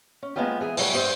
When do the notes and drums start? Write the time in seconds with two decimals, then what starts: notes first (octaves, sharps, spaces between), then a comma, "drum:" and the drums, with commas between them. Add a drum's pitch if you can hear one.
0.23 C#4
0.36 G#3 A#3 B3 C#4 F4 G4
0.61 E3 G#4
0.77 B2 F#3 G3 A3, drum: open hi-hat
0.93 G2 G4 C5